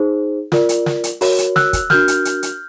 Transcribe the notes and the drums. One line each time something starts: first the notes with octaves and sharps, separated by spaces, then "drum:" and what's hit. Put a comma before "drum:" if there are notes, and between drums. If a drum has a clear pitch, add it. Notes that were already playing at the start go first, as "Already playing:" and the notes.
Already playing: D#4 G#4 C5
F4 A#4 D5, drum: snare
drum: hi-hat
drum: snare
drum: hi-hat
F#4 A#4 C#5, drum: open hi-hat
drum: hi-hat
E6 F#6, drum: snare
drum: kick, hi-hat
D4 F#4 A#4 F6 G6, drum: snare
drum: hi-hat
drum: hi-hat
drum: hi-hat